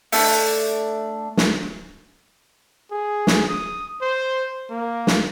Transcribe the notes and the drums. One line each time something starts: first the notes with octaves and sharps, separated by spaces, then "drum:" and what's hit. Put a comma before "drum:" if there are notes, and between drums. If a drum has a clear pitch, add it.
A3 D4, drum: open hi-hat
drum: snare
G#4
drum: snare
D#6
C5
A#3
drum: snare